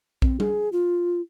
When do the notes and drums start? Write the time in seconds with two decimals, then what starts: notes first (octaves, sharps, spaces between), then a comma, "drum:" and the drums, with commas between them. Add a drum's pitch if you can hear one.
0.22 C4, drum: kick
0.40 G#4, drum: tom
0.72 F4